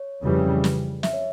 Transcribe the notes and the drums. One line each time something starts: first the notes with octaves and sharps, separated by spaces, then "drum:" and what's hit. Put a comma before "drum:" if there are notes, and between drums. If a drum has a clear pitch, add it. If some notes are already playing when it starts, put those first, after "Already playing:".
Already playing: C#5
F2 C#3 E3 G3
drum: snare
E5, drum: snare
C#5